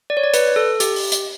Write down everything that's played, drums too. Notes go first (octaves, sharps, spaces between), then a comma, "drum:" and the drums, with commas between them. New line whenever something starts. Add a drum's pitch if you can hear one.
D5
C#5
D5
B4, drum: hi-hat
A4
G4, drum: hi-hat
drum: open hi-hat
drum: hi-hat